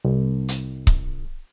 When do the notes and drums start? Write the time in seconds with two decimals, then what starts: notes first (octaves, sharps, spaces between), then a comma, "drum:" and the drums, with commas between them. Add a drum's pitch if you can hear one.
0.05 C2
0.49 drum: hi-hat
0.87 drum: kick C#1